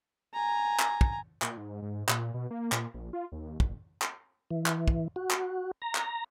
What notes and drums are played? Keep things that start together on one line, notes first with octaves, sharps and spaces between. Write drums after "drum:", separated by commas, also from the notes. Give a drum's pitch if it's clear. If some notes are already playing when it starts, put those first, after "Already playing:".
G#5 A#5
drum: clap
drum: kick
A#2, drum: clap
G#2
G#2
A#2, drum: clap
B2
A#3
A#2, drum: clap
A#1
F4
D#2
F#1, drum: kick
drum: clap
E3
drum: clap
drum: kick
F#4
drum: clap
A#5
drum: clap